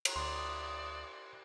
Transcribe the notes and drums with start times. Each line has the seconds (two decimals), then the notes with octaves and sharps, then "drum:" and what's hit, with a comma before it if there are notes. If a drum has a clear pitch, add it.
0.05 drum: cymbal
0.16 D2 D5 C6 D#6